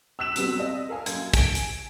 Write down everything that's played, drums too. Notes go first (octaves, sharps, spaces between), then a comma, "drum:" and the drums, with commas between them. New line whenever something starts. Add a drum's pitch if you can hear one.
E6 F#6 B6 E7 F#7
C3 F#3 G3 B3 C4, drum: hi-hat
C4 G4 D5 D#5
A4 A#4 F5 G#5
F#2 A#3 G#6, drum: hi-hat
G#5 D7, drum: kick, hi-hat
drum: hi-hat